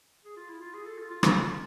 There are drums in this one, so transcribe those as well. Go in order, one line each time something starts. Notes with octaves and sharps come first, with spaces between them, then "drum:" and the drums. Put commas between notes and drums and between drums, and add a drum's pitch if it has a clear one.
G#4
F4
E4
F4
G#4
A4
F4
F4
F4, drum: rim click